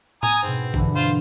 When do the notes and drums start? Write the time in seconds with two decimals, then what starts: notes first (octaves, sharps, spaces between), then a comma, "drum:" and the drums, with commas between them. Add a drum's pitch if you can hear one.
0.23 G#5 A#5 D#6, drum: tom A2
0.43 G#2 B2 C4
0.74 G2 D3 E3, drum: kick A#1
0.96 F4 C5